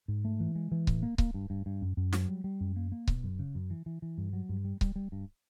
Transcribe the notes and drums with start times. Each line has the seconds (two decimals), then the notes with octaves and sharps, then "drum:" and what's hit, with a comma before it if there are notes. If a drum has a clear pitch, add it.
0.08 G#2
0.25 A3
0.40 E3
0.55 G#3
0.72 E3
0.87 A2, drum: kick C#1
1.03 A#3
1.18 A#3, drum: kick C#1
1.34 G2
1.50 G2
1.66 G2
1.82 F#2
1.97 F#2
2.13 F#3, drum: snare
2.29 G3
2.44 G3
2.61 F#2
2.76 A#3
2.92 A#3
3.08 B2, drum: kick C#1
3.24 F#2
3.39 C#3
3.55 F#2
3.70 E3
3.86 E3
4.02 E3
4.18 G2
4.33 F#3
4.49 G2
4.65 G3
4.81 G3, drum: kick C#1
4.96 G3
5.12 G2